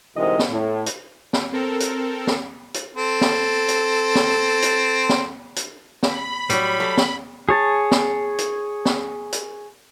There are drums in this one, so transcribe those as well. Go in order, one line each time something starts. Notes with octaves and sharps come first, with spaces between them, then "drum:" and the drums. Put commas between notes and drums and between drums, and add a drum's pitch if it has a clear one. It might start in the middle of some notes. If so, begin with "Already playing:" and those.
D2 G#2 C3 E3 A#4 D#5
drum: snare
A2
drum: hi-hat
drum: snare
C4 A4 A#4
drum: hi-hat
drum: snare
drum: hi-hat
C4 A4
drum: snare
drum: hi-hat
drum: snare
drum: hi-hat
drum: snare
drum: hi-hat
B5, drum: snare
A2 F#3 G3, drum: hi-hat
F#3 A3
drum: snare
G#4 C#5 A5
drum: snare
drum: hi-hat
drum: snare
drum: hi-hat